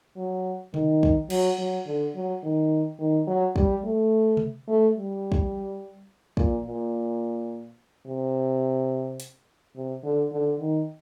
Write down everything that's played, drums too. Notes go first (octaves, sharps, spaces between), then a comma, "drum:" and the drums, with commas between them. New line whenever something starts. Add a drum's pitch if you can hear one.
F#3
D#3, drum: tom C3
drum: kick
F#3, drum: cymbal
F#3
D3
F#3
D#3
D#3
F#3
G3, drum: kick
A3
drum: tom C3
A3
G3
drum: kick
A#2, drum: kick
A#2
C3
drum: hi-hat
C3
D3
D3
D#3